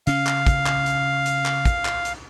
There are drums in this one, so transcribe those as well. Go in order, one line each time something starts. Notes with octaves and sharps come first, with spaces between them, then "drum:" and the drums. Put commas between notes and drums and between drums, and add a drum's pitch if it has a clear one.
C#3 C#4 F5, drum: hi-hat
drum: clap
drum: kick, hi-hat
drum: clap
drum: hi-hat
drum: hi-hat
drum: clap
drum: kick, hi-hat
drum: clap
drum: hi-hat